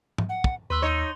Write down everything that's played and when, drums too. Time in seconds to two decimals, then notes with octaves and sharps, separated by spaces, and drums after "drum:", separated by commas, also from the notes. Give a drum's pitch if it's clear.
0.18 drum: tom
0.29 F#5
0.44 drum: kick
0.70 D#2 B4 C6 E6
0.82 D#4 C#5